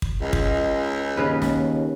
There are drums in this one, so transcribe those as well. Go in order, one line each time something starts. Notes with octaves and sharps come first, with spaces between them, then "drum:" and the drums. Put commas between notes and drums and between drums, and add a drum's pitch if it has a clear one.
drum: kick
C#2 D#5
drum: kick
D#2 C#3 B4
drum: snare